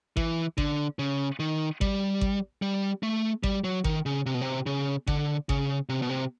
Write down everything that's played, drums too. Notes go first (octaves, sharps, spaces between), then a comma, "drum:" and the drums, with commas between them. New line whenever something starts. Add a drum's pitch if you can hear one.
E3, drum: kick G#1
D3, drum: kick G#1
C#3
D#3
G3, drum: kick G#1
drum: kick G#1
G3
A3
G3, drum: kick G#1
F#3
D#3, drum: kick G#1
C#3
C3
B2
C3
C#3
D3, drum: kick G#1
C#3, drum: kick G#1
C3
B2
C3